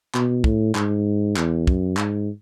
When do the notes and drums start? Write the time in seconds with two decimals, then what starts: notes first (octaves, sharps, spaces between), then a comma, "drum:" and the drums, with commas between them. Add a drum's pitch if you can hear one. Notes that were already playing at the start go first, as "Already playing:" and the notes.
0.15 B2, drum: clap
0.44 A2, drum: kick
0.75 G#2, drum: clap
1.36 E2, drum: clap
1.67 F#2, drum: kick
1.97 G#2, drum: clap